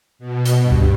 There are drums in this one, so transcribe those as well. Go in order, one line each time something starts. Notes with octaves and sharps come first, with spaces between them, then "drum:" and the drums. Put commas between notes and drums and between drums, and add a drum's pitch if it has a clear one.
B2
drum: hi-hat
G2
drum: kick C#2